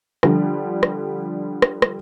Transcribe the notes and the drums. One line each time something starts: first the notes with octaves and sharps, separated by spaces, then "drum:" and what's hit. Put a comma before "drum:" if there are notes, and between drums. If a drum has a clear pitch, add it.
D3 F3 G3, drum: rim click
drum: rim click
drum: rim click
drum: rim click